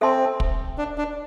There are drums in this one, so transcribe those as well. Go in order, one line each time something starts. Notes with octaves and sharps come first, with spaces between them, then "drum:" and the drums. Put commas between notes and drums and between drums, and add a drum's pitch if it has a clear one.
C4 A4 E5 A5 C6
drum: kick
D4
D4